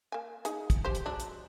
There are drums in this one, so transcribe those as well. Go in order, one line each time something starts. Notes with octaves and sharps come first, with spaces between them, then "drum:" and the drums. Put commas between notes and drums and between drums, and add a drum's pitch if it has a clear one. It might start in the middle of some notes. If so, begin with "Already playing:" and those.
A#3 G#5
D#4 G#4, drum: hi-hat
drum: kick, hi-hat
G4 C5
drum: hi-hat
F#3 G#3 D4
drum: hi-hat